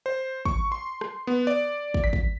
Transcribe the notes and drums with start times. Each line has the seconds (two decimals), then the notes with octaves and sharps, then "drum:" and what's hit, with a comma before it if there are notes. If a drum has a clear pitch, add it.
0.06 C5
0.45 C#6, drum: kick
0.72 C6
1.01 drum: rim click
1.27 B3
1.47 D5
1.94 drum: kick
2.04 B6
2.13 drum: kick